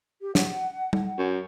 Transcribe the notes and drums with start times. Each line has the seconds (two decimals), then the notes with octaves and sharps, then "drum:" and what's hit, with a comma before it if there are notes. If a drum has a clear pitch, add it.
0.21 G4
0.35 F#5, drum: snare
0.93 drum: tom
1.18 F#2